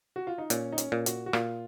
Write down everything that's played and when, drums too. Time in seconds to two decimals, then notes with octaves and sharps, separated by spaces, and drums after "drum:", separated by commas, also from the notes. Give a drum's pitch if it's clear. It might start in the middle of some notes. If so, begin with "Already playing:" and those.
0.16 F#4
0.27 F4
0.38 D#4
0.50 A#2 C#4, drum: hi-hat
0.72 D#4
0.78 C#4, drum: hi-hat
0.92 A#2
1.06 F#4, drum: hi-hat
1.26 F#4
1.33 A#2 F4, drum: rim click